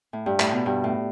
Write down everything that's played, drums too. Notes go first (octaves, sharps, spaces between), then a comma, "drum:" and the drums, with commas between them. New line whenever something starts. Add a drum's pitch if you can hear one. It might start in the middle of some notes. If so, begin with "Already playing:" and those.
A2
G2
A2, drum: clap
B2
G2
A2